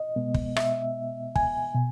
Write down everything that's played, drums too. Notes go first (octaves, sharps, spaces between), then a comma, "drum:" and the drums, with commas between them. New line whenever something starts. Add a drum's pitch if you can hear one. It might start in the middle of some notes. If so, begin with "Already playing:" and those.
Already playing: D#5
B2 G#3 B3
drum: kick
E5, drum: rim click
G#5, drum: kick
B2